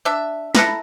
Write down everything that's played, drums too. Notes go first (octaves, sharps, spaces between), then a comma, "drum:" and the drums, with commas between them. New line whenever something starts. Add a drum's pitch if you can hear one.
D4 E5
E4 A4 B4 A#5, drum: snare